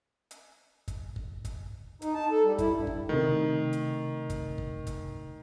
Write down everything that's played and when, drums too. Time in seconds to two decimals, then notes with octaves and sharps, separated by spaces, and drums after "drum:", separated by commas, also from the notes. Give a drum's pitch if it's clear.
0.31 drum: hi-hat
0.88 drum: kick, hi-hat
1.16 drum: kick
1.45 drum: kick, hi-hat
2.02 D#4, drum: hi-hat
2.14 A5
2.31 A4
2.44 G3
2.58 E4, drum: kick, hi-hat
2.74 G2
2.87 drum: kick
3.09 C3 D#3 A3
3.73 drum: hi-hat
4.30 drum: kick, hi-hat
4.58 drum: kick
4.87 drum: kick, hi-hat